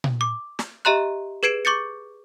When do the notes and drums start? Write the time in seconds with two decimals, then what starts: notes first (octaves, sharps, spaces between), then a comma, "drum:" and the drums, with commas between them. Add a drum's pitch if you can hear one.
0.04 drum: tom A#2
0.21 D6
0.59 drum: snare
0.85 G4 D#5 E5 A#5 C6 F#6
1.43 G#4 B4 G#6 C7 D7 E7
1.65 C#6 D6 G6 A6 C#7